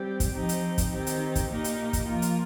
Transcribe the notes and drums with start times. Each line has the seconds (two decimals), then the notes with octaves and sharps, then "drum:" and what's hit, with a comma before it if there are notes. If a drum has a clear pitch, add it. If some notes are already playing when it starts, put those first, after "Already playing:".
Already playing: G3 C4 G4
0.20 drum: kick, hi-hat
0.34 F3 C4 D#4 G4
0.49 drum: hi-hat
0.78 drum: kick, hi-hat
0.92 D#3 C4 D#4 G4
1.07 drum: hi-hat
1.35 drum: kick, hi-hat
1.50 A#2 A#3 D#4 G4
1.64 drum: hi-hat
1.93 drum: kick, hi-hat
2.08 F3 A#3 F4
2.22 drum: hi-hat